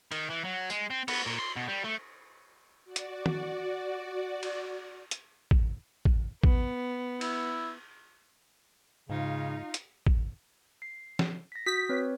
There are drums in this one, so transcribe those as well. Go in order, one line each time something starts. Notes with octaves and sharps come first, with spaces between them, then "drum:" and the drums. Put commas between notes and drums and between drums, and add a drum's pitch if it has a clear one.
D#3, drum: cymbal
E3
F#3
G#3, drum: tambourine
C4
B3, drum: cymbal
A#2
C6
B2
G3
A3
F#4 D5
drum: hi-hat
drum: tom
drum: cymbal
drum: hi-hat
drum: kick A1
drum: kick A1
B3, drum: kick A1
E4, drum: cymbal
G#2 C#3 D#4 F4
drum: hi-hat
drum: kick A1
C7
drum: snare F3
A#6 B6
F#4 D#6 G6 B6
C4 B4 C#5